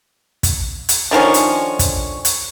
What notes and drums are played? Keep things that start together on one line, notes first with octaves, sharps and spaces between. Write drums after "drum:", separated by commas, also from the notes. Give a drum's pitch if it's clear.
drum: kick, hi-hat
drum: hi-hat
D3 D#3 F3 C#4
drum: hi-hat
drum: kick, hi-hat
drum: hi-hat